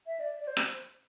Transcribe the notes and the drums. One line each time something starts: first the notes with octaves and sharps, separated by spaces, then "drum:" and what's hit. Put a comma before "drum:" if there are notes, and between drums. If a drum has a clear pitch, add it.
E5
D5
D5
C5
drum: rim click